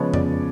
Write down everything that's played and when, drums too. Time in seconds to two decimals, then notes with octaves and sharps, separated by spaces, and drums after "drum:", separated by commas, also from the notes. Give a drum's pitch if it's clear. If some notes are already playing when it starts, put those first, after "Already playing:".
Already playing: C#3 F3 G#3 B3 C#5
0.14 D5, drum: tom F2